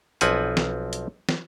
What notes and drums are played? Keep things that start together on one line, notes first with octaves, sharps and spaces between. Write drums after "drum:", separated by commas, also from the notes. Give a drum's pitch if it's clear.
B1 F3 C4 B4 F#5 G#5, drum: hi-hat
drum: snare
drum: hi-hat
drum: snare